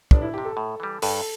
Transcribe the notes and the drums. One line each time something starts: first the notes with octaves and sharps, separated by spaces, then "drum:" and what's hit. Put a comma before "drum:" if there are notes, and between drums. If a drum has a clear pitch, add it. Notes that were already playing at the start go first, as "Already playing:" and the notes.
G1 D4, drum: kick
E4
F2 C3 G4
A4
A2
E3 G3
G2 A4, drum: open hi-hat